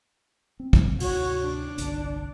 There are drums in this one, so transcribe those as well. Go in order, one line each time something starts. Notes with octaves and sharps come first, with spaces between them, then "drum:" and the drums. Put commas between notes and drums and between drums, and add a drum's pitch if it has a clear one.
C4
drum: kick
D2 G#2 C3 F#4 C#5, drum: open hi-hat
D4
G1 C2 D3, drum: hi-hat